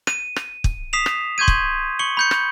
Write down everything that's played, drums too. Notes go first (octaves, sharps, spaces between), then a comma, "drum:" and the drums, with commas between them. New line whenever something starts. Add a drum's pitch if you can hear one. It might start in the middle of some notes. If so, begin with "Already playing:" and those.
D#7, drum: rim click
drum: rim click
drum: kick
D#6 B6 C7 E7 F7
drum: rim click
C6 C#6 G6 G#6 D#7
drum: kick
C#6 C#7 F#7 G7
B5 G6 C#7
drum: rim click